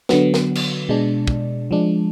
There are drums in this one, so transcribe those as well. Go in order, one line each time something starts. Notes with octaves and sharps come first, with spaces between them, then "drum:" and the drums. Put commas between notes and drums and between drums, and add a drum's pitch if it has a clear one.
D3 F#3 B3, drum: snare
drum: snare
drum: cymbal
B2 G#3 D4
drum: kick
F3 G#3 D4